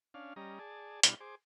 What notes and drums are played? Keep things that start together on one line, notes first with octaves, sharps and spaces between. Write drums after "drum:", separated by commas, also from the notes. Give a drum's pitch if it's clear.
C#4 D4 F5
G3 C#4 D#5 A#5
G#4 D5 A5
B2 G3 D4 E4 F6, drum: hi-hat
G#4 C5 D6